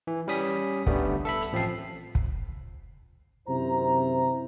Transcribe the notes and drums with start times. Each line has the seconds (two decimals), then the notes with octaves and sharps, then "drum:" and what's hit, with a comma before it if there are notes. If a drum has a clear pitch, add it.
0.07 E3
0.28 G3 C#4 D#6 B6
0.86 D3 G3 A3 B3, drum: kick
1.25 A4 E5 B5
1.41 drum: hi-hat
1.52 A1 F3 C4 C7
2.15 drum: kick
3.48 F#2 C3 D#3 E4 C5 A#5